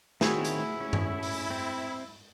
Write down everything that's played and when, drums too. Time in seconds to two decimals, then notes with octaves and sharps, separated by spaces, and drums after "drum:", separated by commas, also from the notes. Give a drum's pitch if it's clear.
0.21 D#3 C4 E4 F#4 G#4 C#5, drum: snare
0.44 drum: hi-hat
0.81 C#4
0.93 drum: tom G2
1.23 drum: open hi-hat
1.51 C4